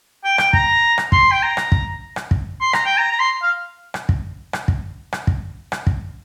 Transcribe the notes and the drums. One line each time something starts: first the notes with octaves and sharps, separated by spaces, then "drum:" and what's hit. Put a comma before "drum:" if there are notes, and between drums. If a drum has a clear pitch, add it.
G5
G5, drum: rim click
A#5, drum: kick
drum: rim click
C6, drum: kick
G5
A#5
drum: rim click
drum: kick
drum: rim click
drum: kick
C6
A#5, drum: rim click
G5
A#5
A#5
C6
F5
drum: rim click
drum: kick
drum: rim click
drum: kick
drum: rim click
drum: kick
drum: rim click
drum: kick